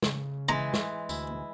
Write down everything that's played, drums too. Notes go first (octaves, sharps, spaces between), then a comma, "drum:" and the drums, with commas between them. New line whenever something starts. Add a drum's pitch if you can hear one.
C#3, drum: snare
E3 G#3 A#5
drum: snare
D2 E4, drum: tambourine